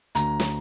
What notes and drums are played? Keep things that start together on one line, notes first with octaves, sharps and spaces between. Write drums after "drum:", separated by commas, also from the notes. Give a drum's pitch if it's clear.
D2 A#5, drum: hi-hat
drum: snare